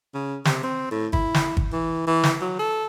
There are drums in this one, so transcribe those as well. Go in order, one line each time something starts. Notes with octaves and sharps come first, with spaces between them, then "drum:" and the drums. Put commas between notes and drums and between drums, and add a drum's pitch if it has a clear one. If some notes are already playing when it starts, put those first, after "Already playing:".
C#3
C3, drum: snare
C4
A2
E4, drum: kick
drum: snare
drum: kick
E3
E3
drum: snare
F#3
A4